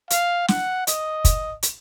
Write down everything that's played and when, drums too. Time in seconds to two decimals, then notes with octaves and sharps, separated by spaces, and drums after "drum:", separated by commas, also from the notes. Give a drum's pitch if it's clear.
0.10 F5, drum: hi-hat
0.48 F#5, drum: snare
0.87 D#5, drum: hi-hat
1.25 drum: kick, hi-hat
1.63 drum: hi-hat